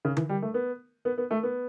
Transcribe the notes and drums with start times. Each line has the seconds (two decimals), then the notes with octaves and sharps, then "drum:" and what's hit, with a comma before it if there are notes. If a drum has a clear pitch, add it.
0.05 C#3
0.17 E3, drum: tom D3
0.29 G3
0.42 A3
0.54 B3
1.05 B3
1.18 B3
1.31 A3
1.43 B3